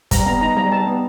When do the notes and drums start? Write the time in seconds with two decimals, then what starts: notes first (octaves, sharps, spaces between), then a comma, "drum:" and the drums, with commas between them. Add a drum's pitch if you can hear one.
0.11 G3 A#5, drum: kick F#1, hi-hat
0.26 B3 A#5
0.41 D#4 A#5
0.57 G3 A#5
0.72 G3 A5
0.87 B3